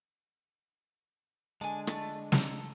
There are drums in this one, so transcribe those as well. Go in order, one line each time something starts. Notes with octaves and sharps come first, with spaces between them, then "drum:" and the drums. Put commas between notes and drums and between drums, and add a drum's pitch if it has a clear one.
D3 G#3 G#5 A5
A3 A5, drum: rim click
A4 A#5, drum: snare